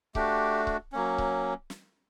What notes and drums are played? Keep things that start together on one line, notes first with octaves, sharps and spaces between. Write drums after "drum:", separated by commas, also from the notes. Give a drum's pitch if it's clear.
A3 D4 F#4 G4, drum: kick C#1
drum: kick C#1
F#3 A#3 C#4
drum: kick C#1
drum: snare